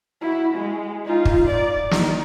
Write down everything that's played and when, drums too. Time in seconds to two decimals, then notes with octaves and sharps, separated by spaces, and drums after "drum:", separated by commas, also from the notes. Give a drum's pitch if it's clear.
0.22 E4 F#4
0.55 G#3
1.05 D#4 F4
1.25 drum: kick
1.47 D5
1.91 D#4, drum: snare